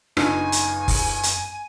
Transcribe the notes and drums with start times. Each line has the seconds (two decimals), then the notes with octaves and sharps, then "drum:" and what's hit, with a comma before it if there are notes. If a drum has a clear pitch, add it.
0.17 G1 F#2 C#3 D4 D#4 F4 G#5, drum: rim click
0.52 drum: hi-hat
0.88 drum: kick F1, open hi-hat
1.23 drum: hi-hat